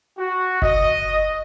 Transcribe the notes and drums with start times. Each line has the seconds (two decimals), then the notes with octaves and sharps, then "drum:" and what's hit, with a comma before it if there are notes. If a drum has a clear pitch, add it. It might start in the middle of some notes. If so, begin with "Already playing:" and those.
0.17 F#4
0.62 D#5, drum: kick F#1